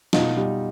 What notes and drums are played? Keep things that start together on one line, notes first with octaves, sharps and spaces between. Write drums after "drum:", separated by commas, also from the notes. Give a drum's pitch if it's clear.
B2 D#4 F4, drum: snare
G3